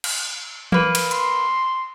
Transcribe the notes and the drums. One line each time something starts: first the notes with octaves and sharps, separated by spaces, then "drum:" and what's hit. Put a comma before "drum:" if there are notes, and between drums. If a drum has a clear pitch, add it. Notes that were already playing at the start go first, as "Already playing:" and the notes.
drum: cymbal
A#3 B4, drum: tom E3
drum: cymbal
C6, drum: hi-hat